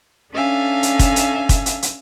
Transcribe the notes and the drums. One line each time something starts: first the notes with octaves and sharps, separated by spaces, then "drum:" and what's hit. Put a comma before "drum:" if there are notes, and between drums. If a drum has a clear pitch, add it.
C#4 D4 A4 E5 F5 G#5
drum: hi-hat
drum: kick, hi-hat
drum: hi-hat
drum: kick, hi-hat
drum: hi-hat
drum: hi-hat